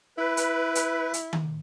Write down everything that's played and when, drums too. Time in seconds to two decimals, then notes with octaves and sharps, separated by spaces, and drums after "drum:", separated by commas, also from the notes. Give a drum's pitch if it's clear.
0.18 E4 B4
0.37 drum: hi-hat
0.75 drum: hi-hat
1.14 drum: hi-hat
1.33 drum: tom D#3